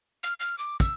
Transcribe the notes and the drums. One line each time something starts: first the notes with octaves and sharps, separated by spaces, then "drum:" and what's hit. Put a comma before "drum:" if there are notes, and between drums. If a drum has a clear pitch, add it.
F6
F6
D6
E6, drum: kick, tambourine